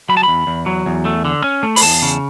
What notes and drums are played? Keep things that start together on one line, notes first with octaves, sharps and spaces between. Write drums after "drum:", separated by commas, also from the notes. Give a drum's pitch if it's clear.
F#3 B5
A5
E2 B5
E2
F#3
E2
A3
D3
C#4
A3
B5, drum: open hi-hat
E2 A5
C#3